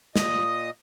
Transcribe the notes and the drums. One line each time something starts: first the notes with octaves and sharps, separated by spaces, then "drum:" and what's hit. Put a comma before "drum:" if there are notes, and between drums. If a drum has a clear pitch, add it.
A#2 D#5 D#6, drum: snare